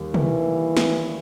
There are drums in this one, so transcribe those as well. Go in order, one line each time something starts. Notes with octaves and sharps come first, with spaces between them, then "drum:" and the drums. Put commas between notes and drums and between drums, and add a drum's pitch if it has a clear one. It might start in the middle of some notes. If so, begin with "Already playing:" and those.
Already playing: D#2 G3
E3, drum: tom
drum: snare